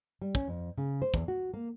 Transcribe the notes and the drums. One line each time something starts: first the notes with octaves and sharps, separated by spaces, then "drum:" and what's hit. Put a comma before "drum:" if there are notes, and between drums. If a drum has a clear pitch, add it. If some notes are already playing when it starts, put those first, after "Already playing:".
G3
C#4, drum: kick
F2
C#3
C5
E2, drum: kick
F#4
A#3